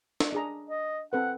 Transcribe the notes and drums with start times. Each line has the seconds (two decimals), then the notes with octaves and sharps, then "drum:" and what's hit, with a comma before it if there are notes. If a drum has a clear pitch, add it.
0.20 drum: snare
0.32 D4 G#4 A#5
0.70 D#5
1.13 C4 A4 B4 F#5